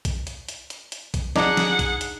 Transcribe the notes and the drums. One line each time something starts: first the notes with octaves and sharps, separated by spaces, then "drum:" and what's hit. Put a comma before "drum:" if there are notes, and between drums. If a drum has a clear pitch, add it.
drum: kick A#1, hi-hat
drum: hi-hat
drum: hi-hat
drum: hi-hat
drum: hi-hat
drum: kick A#1, hi-hat
D4 D#4 G#4 F#5, drum: snare
drum: snare
drum: kick A#1, hi-hat
drum: hi-hat